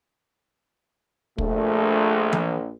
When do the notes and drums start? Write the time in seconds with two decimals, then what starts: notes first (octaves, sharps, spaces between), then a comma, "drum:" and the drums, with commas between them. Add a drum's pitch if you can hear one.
1.38 A#1 A3, drum: kick
2.33 drum: tom E3